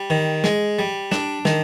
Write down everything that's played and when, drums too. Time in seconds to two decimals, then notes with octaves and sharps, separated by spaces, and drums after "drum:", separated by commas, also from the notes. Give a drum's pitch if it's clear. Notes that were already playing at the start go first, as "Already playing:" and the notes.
Already playing: G3
0.10 D#3
0.44 G#3, drum: snare
0.79 G3
1.12 D4, drum: snare
1.45 D#3, drum: snare